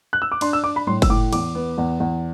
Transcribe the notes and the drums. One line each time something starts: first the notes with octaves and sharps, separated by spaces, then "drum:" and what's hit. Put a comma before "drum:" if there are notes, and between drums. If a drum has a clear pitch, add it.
F#6
E6
D6
D4 C6, drum: cymbal
E6
D4 D6
B5
A2 C6, drum: tom F#3
E6, drum: kick F#1, cymbal
A2 D6
E2 D6, drum: cymbal
B3
E2
E2